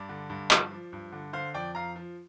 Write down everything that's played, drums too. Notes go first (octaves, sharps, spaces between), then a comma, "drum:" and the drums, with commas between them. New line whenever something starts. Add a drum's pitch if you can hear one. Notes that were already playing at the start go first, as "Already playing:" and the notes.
Already playing: G2 D5
D3
G2
F3, drum: clap
F3
G2
D3
D3 C5 F5
F2 D5 G5
F2 F5 A#5
F3